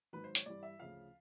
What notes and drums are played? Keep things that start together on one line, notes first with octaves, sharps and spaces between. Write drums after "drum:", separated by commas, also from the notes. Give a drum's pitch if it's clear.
G#2 D#3 F#3 B4
C5
C#5, drum: hi-hat
G2 E3 G3 D5
E5
D2 C#3 F3 F5